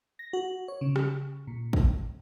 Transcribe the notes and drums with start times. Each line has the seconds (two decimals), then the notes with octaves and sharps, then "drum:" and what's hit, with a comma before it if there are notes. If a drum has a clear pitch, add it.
0.19 A#6
0.33 F#4
0.68 C#5
0.81 C#3
0.96 drum: rim click
1.47 A#2
1.73 drum: kick